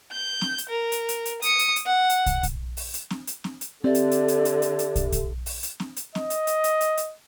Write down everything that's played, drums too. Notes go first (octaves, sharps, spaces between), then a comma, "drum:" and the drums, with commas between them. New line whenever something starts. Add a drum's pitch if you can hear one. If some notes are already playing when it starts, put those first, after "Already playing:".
G6
drum: snare C4
drum: hi-hat
A#4
drum: hi-hat
drum: hi-hat
drum: hi-hat
D#6 C#7, drum: hi-hat
drum: hi-hat
drum: hi-hat
F#5
drum: hi-hat
drum: kick, hi-hat
drum: kick, hi-hat
drum: open hi-hat
drum: hi-hat
drum: snare C4
drum: hi-hat
drum: snare C4
drum: hi-hat
D3 C4 G4 D5 E5
drum: hi-hat
drum: hi-hat
drum: hi-hat
drum: hi-hat
drum: hi-hat
drum: hi-hat
drum: kick, hi-hat
drum: kick, hi-hat
drum: open hi-hat
drum: hi-hat
drum: snare C4
drum: hi-hat
D#5, drum: snare C4
drum: hi-hat
drum: hi-hat
drum: hi-hat
drum: hi-hat
drum: hi-hat